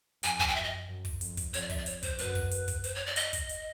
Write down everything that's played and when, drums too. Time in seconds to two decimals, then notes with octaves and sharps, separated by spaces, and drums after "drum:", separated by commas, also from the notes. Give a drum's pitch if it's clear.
0.23 F2 G#5, drum: hi-hat
0.39 G#5, drum: kick
0.48 G5
0.55 F#2 E5
0.64 D#5
0.88 F#2
1.05 drum: kick, open hi-hat
1.21 F2, drum: hi-hat
1.37 drum: kick, hi-hat
1.54 F2 C#5, drum: hi-hat
1.62 D5
1.70 E5, drum: kick, open hi-hat
1.78 D5
1.86 C#5, drum: hi-hat
2.03 C5, drum: kick, hi-hat
2.19 F#2 B4, drum: hi-hat
2.35 drum: kick, open hi-hat
2.51 drum: hi-hat
2.68 drum: kick, hi-hat
2.84 C5, drum: hi-hat
2.95 C#5
3.06 D5
3.16 D#5, drum: hi-hat
3.33 drum: kick, hi-hat
3.49 drum: hi-hat